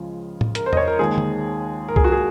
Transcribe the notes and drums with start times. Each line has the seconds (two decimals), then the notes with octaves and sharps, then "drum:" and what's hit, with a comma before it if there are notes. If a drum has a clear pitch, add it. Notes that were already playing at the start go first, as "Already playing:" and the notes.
Already playing: C#2 C#3 F3 G#3
0.41 drum: tom A2
0.55 A#4, drum: hi-hat
0.66 C5
0.73 D#5, drum: tom E2
0.77 C#5
0.88 A#4
0.99 D#2 D#3 G#3 D#4 G#4
1.18 drum: tom D3
1.88 A#4
1.96 G#4, drum: kick C2
2.04 F#4
2.12 G#4